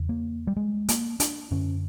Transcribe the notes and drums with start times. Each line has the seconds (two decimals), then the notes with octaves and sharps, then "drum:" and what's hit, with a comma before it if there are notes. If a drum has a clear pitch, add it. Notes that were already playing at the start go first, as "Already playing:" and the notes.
Already playing: E2 C#3
0.09 A#3
0.47 G3
0.56 G#3
0.89 A#3, drum: hi-hat
1.20 D4, drum: hi-hat
1.51 F#2 D3 C#4